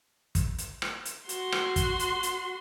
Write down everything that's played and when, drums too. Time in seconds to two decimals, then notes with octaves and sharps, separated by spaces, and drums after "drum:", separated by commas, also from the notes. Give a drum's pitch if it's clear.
0.35 drum: kick, hi-hat
0.58 drum: hi-hat
0.82 drum: rim click
1.05 drum: hi-hat
1.29 F#4 C6, drum: hi-hat
1.52 drum: rim click
1.76 drum: kick, hi-hat
1.99 drum: hi-hat
2.23 drum: hi-hat